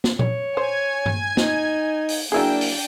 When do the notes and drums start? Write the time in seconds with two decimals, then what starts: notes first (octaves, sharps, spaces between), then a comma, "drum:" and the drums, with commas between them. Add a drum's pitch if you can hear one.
0.04 drum: snare
0.19 C#5, drum: tom A#2
0.57 C5 G#5 G#6
1.06 drum: tom G2
1.37 D#4, drum: snare
2.09 drum: open hi-hat
2.32 F#3 A#3 D4 E4 G#4 G5
2.61 drum: open hi-hat